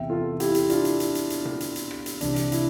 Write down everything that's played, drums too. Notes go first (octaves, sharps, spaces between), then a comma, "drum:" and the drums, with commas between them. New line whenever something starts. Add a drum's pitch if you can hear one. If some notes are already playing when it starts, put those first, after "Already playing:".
Already playing: E2 C3 E3 E5 G5
F4 A4
E4 G4, drum: hi-hat
drum: hi-hat
D4 F4, drum: hi-hat
drum: hi-hat
drum: hi-hat
drum: hi-hat
drum: hi-hat
drum: tom A#2
drum: hi-hat
drum: hi-hat
drum: rim click
drum: hi-hat
C2 C3 E3 D4, drum: hi-hat
drum: hi-hat
E4, drum: hi-hat